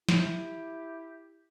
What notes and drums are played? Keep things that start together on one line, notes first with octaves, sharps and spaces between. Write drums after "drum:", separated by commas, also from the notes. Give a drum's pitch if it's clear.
E4 G4, drum: snare